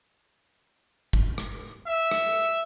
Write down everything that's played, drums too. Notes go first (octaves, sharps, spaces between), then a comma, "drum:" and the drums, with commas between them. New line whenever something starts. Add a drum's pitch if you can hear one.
drum: kick
drum: rim click
E5
drum: rim click